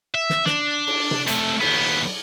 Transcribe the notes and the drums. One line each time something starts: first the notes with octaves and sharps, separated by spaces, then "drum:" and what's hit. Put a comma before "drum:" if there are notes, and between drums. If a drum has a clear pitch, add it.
E5
drum: snare
D4, drum: snare
drum: cymbal
drum: tom C3
C3 A3, drum: hi-hat
D#2 B3, drum: cymbal